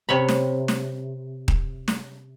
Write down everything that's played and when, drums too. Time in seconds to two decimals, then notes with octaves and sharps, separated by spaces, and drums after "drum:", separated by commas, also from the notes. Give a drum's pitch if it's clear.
0.09 C3 C#5 B5
0.29 drum: snare
0.68 drum: snare
1.48 drum: kick D#1
1.88 drum: snare